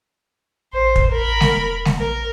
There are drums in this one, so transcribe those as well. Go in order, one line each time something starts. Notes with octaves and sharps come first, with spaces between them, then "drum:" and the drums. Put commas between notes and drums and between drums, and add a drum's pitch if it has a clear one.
A1 C5
drum: kick
A#4 B5
drum: snare G#3
E1
drum: snare G#3
A#1 A#4